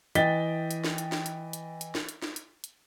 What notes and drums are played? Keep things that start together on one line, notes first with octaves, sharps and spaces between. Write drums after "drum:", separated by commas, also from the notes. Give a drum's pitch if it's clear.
E3 D#5 G5 A6 B6 G7, drum: hi-hat
drum: hi-hat
drum: snare
drum: hi-hat
drum: snare
drum: hi-hat
drum: hi-hat
drum: hi-hat
drum: snare
drum: hi-hat
drum: snare
drum: hi-hat
drum: hi-hat